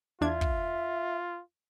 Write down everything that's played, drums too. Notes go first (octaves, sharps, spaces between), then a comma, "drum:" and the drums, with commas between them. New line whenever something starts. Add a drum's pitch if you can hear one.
E2 D4 F4 E5 G#6
drum: kick